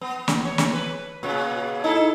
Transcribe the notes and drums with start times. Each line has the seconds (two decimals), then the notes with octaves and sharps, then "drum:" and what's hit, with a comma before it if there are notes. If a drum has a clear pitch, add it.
0.01 B3
0.28 drum: snare
0.45 C#5
0.58 drum: snare
0.73 B4
1.23 A#2 C#3 B3
1.84 D#4 E4 A4